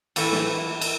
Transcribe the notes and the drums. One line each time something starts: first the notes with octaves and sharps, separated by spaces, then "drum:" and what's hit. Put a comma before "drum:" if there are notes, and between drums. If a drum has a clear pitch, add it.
A2 E3 A3, drum: cymbal
drum: snare
drum: cymbal